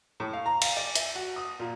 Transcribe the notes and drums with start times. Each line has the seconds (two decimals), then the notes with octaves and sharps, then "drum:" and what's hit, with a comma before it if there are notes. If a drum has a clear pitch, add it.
0.20 A2
0.33 F5
0.46 A#5
0.62 F5, drum: cymbal
0.77 D5
0.96 E5, drum: hi-hat
1.15 F#4
1.36 D#6
1.59 A#2